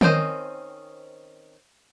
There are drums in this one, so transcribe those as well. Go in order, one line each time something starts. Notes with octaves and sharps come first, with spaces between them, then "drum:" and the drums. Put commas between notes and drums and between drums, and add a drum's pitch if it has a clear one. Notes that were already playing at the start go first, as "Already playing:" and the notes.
D#3 C4 C#4 C5 D#5, drum: tom D#3